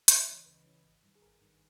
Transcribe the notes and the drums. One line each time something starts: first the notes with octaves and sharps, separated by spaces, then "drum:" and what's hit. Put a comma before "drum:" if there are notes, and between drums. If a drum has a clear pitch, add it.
C#2 C#5, drum: hi-hat
D#5
C#3 E3 C#5
C#2 B4
C#3 E3
G#1
G2 D#3
G#4
G#1 A#4
G2 D#3